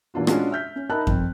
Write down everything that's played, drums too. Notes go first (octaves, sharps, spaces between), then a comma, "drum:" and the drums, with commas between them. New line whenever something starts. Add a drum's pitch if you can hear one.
A#2 E3 D4 F4 F#4
G#3 C#4 D4 F4 F#4, drum: rim click
E5 F6 G6 B6
C#4
D#4 A#4 E5 A5 B5 F#6
F2, drum: kick F#2